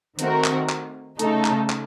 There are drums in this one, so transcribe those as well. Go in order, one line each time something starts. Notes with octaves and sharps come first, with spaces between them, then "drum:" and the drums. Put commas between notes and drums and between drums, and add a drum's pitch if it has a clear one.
D#3 A3 C4 F#4 A#4, drum: hi-hat
drum: clap
drum: clap
C#3 A3 D#4 A4, drum: hi-hat
drum: clap
drum: clap